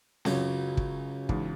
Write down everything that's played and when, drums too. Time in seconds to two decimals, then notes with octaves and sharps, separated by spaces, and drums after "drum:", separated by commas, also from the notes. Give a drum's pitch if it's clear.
0.25 C#2 F#2 C#3 F#3, drum: snare C4
0.77 drum: kick
1.29 E2 G#2, drum: kick